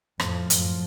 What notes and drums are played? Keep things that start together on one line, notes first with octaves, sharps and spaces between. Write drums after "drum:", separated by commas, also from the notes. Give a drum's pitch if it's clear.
F2 A2 F3, drum: rim click
F#2, drum: hi-hat